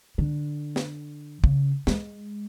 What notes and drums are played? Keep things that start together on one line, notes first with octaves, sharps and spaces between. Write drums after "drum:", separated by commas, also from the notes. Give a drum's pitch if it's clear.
D3
drum: snare
C#3, drum: kick
G#3, drum: snare